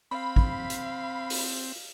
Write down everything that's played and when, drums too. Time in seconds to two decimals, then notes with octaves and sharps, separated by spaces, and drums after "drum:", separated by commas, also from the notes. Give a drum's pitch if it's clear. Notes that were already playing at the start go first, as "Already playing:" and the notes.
0.11 C4 F5 B5
0.36 drum: kick
0.70 drum: hi-hat
1.30 drum: open hi-hat